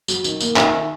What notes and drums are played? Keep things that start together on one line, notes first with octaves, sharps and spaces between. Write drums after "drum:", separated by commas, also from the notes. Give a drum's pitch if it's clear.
F#3, drum: tambourine
D#3, drum: tambourine
A#3, drum: tambourine
D#3 E5 G#5, drum: clap